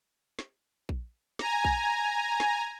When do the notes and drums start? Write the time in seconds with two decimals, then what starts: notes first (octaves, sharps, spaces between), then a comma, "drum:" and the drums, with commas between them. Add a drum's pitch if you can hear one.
0.39 drum: snare
0.89 drum: kick A#1
1.39 G#5 A#5, drum: snare
1.64 drum: kick A#1
2.40 drum: snare